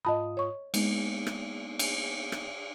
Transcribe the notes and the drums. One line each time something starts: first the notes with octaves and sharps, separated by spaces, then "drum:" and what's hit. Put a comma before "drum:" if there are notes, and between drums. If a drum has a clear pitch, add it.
G#2 F4 D#5 A5 B5 D#6
C#5 C#6
G#3 A#3 B3 D#4, drum: cymbal
drum: rim click
drum: cymbal
drum: rim click